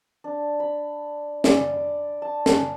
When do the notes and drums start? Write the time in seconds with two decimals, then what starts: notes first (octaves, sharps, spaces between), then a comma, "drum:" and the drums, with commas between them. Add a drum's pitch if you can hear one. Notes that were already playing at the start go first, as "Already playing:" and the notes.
0.24 D4
0.60 B5
1.44 D5, drum: snare
2.22 A5
2.46 drum: snare